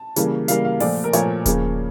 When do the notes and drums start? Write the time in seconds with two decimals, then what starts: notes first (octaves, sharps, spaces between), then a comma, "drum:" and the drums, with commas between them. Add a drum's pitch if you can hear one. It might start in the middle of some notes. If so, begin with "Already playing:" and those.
Already playing: A5
0.16 C#3 E3 G3 A#3, drum: hi-hat
0.48 C#3 E3 G3 A#3 F5, drum: hi-hat
0.65 F5
0.80 A#2 F3 A3 D5, drum: open hi-hat
1.04 A#4
1.13 A#2 F3 A3 C#5, drum: hi-hat
1.46 C#3 F3 A#3, drum: kick D#1, hi-hat